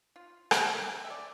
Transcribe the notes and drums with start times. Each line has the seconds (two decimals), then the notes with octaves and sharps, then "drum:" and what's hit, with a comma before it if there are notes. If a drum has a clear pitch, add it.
0.16 F4
0.51 drum: rim click
0.78 G4
0.95 A4
1.04 E5
1.10 D5